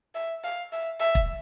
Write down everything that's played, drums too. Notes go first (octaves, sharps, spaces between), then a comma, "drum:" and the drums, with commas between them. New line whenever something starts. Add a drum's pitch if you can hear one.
E5
F5
E5
E5
drum: kick